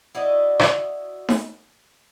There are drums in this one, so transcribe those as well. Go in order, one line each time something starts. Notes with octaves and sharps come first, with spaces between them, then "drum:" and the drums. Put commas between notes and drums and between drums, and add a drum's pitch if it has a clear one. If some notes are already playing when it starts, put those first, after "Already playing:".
E4 F#4 D5 D#5
drum: rim click
drum: snare D#4